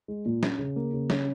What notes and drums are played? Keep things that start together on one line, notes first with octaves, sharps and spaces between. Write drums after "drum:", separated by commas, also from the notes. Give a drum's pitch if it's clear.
G#3
A#2
C#4, drum: snare
C#3
A#3
C#3
C#4, drum: snare